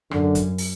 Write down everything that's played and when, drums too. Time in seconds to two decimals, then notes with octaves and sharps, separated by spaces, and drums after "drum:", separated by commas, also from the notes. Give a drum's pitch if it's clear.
0.11 F#2 D3, drum: rim click
0.35 drum: kick, hi-hat
0.58 drum: open hi-hat